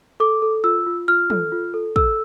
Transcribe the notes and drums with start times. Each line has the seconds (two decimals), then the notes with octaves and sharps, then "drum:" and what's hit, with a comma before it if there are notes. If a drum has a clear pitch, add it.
0.20 A4 D6
0.42 A4
0.64 F4 E6
0.86 F4
1.08 F4 F6
1.30 A4, drum: tom
1.52 F4
1.74 A4
1.96 A4 E6, drum: kick